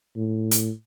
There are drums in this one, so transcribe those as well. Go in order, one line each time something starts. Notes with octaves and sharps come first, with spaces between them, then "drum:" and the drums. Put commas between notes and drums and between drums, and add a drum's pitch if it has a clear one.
A2
drum: hi-hat